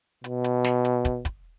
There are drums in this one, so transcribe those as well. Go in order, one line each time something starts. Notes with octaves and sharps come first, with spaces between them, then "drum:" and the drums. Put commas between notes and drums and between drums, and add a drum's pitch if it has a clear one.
B2, drum: hi-hat
drum: hi-hat
drum: snare
drum: hi-hat
drum: kick, hi-hat
drum: kick, hi-hat